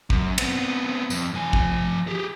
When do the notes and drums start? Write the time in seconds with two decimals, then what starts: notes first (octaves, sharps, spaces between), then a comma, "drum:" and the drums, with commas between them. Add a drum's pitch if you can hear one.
0.10 F#2, drum: kick
0.38 B3 C4, drum: cymbal
1.10 F2, drum: tambourine
1.34 F3 G#5
1.53 drum: kick
2.07 G4 G#4